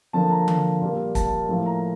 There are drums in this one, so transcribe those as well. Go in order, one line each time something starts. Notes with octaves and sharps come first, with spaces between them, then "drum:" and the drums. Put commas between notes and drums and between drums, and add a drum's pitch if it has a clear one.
D3 F3 A#3 A5
A#5
drum: tom D3
A#2 G3 A#3
A5, drum: kick, hi-hat
A2 F3 A#3
A#5